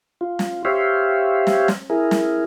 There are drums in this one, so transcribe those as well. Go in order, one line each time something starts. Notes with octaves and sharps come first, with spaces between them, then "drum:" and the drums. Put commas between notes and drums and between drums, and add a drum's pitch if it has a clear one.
F4
drum: snare
G4 C5 C#5 E5 F5
drum: snare
drum: snare
E4 G#4 A#4
drum: snare